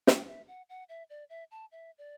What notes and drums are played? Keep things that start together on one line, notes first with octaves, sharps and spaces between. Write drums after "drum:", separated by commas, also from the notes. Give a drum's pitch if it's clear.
G5, drum: snare
E5
F#5
F#5
E5
D5
E5
A5
E5
D5